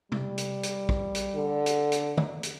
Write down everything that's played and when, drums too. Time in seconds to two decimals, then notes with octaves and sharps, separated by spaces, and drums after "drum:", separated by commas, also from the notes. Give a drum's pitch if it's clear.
0.12 G3, drum: tom
0.37 drum: hi-hat
0.63 drum: hi-hat
0.89 drum: kick
1.15 drum: hi-hat
1.35 D3
1.66 drum: hi-hat
1.92 drum: hi-hat
2.17 drum: tom
2.43 drum: hi-hat